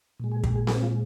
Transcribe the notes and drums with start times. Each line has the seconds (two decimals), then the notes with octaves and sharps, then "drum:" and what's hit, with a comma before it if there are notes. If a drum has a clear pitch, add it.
0.20 A#2 G#3
0.32 G#4
0.44 G4, drum: kick
0.56 G#4
0.67 G#4, drum: snare C4
0.83 F4